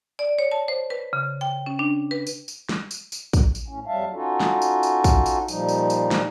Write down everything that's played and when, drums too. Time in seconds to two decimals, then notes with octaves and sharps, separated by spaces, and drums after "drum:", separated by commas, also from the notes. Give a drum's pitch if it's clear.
0.19 D5
0.39 C#5
0.52 A5
0.68 C5
0.90 B4
1.13 C#3
1.41 G5
1.66 C#4
1.79 D4
2.11 B4
2.27 drum: tambourine
2.48 drum: tambourine
2.69 drum: snare
2.91 drum: tambourine
3.12 drum: tambourine
3.33 drum: kick, tambourine
3.55 drum: tambourine
3.68 A2 C#4
3.87 F2 F#3 G3 E5 F5 A5
4.13 C#4 D#4 F4 F#4 A4
4.40 drum: snare
4.62 drum: tambourine
4.83 drum: tambourine
5.04 drum: kick, tambourine
5.26 drum: tambourine
5.48 A#2 F3 G3 D#4, drum: tambourine
5.68 drum: tambourine
5.90 drum: tambourine
6.11 drum: snare